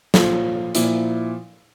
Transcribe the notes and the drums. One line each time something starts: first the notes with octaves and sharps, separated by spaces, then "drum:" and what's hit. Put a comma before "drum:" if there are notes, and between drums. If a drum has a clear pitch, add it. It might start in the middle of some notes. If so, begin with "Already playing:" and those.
A#2 F3 F4, drum: snare
A#2 F3 E4, drum: hi-hat